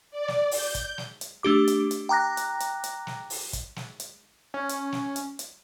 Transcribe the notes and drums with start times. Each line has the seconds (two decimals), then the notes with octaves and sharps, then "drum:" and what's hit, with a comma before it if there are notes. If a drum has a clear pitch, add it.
0.11 D5
0.28 drum: snare
0.51 G6, drum: open hi-hat
0.75 drum: kick, hi-hat
0.98 drum: snare
1.21 drum: hi-hat
1.43 A3 D4 G4 D6
1.67 drum: hi-hat
1.91 drum: hi-hat
2.09 G5 A#5 D6 F#6 A#6
2.37 drum: hi-hat
2.60 drum: hi-hat
2.84 drum: hi-hat
3.07 drum: snare
3.30 drum: open hi-hat
3.53 drum: kick, hi-hat
3.76 drum: snare
4.00 drum: hi-hat
4.54 C#4
4.69 drum: hi-hat
4.92 drum: snare
5.16 drum: hi-hat
5.39 drum: hi-hat